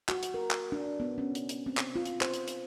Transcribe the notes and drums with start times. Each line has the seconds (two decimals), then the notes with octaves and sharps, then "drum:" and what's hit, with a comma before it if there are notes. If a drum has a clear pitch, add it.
0.09 F#4, drum: clap
0.23 drum: hi-hat
0.34 A#4
0.51 drum: clap
0.72 D4
1.00 B3
1.18 C#4
1.35 drum: hi-hat
1.49 drum: hi-hat
1.66 C4
1.77 drum: clap
1.96 F4
2.05 drum: hi-hat
2.21 C5, drum: clap
2.34 drum: hi-hat
2.48 drum: hi-hat